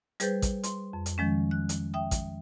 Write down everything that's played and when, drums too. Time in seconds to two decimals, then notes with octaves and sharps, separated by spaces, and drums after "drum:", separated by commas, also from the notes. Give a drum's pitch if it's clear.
0.20 G3 G#4 B4 C5 G6 A6, drum: hi-hat
0.42 drum: kick A1, hi-hat
0.63 C6, drum: hi-hat
0.93 F2
1.06 drum: hi-hat
1.18 D#3 F3 G#3 C#4
1.51 F#6
1.69 drum: hi-hat
1.94 E5 G5 D#6
2.11 drum: kick A1, hi-hat